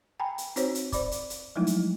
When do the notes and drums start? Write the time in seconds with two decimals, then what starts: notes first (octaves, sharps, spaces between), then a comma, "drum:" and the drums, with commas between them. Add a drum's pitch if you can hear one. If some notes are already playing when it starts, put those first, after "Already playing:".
0.20 G5 G#5 A#5 B5
0.38 drum: hi-hat
0.56 C4 D#4 F#4 C5 C#5, drum: hi-hat
0.75 drum: hi-hat
0.92 C5 D5 B5 D6, drum: kick, hi-hat
1.12 drum: hi-hat
1.30 drum: hi-hat
1.56 F3 F#3 G#3 A3 D#4 E4
1.67 drum: hi-hat